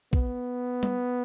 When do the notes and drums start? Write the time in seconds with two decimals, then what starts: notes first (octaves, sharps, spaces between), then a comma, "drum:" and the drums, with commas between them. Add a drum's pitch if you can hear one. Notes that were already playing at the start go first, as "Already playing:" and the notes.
0.13 B3, drum: kick
0.83 drum: tom G3